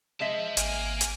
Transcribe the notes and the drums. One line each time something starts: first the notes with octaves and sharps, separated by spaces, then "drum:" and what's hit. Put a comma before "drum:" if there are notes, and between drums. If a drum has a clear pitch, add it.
G#3 C5 D#5 E5 A5
G#1 A#3 A#4 G#5, drum: hi-hat
drum: hi-hat